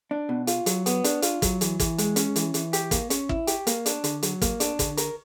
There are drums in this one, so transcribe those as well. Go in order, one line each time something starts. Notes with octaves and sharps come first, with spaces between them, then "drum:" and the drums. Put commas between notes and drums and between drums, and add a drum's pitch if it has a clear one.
D4
B2
F4, drum: hi-hat
F#3, drum: hi-hat
B3, drum: hi-hat
D4, drum: hi-hat
F4, drum: hi-hat
F#3, drum: kick, hi-hat
E3, drum: hi-hat
E3, drum: kick, hi-hat
G#3, drum: hi-hat
C#4, drum: hi-hat
E3, drum: hi-hat
E3, drum: hi-hat
G4, drum: hi-hat
A#3, drum: kick, hi-hat
C#4, drum: hi-hat
E4, drum: kick
G4, drum: hi-hat
A#3, drum: hi-hat
D4, drum: hi-hat
D3, drum: hi-hat
F#3, drum: hi-hat
A#3, drum: kick, hi-hat
D4, drum: hi-hat
D3, drum: kick, hi-hat
A#4, drum: hi-hat